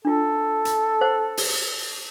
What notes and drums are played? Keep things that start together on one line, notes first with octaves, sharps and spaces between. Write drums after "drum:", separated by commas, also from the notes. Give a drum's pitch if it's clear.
D4 F4 A4
drum: hi-hat
C5 F#5
drum: open hi-hat